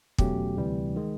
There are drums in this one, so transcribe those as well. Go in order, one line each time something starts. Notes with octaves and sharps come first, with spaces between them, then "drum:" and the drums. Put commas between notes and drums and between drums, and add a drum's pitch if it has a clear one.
E2 B2 F#3 A3 C#4 G4, drum: kick
D2 C3 E3 G3
D#3 G#3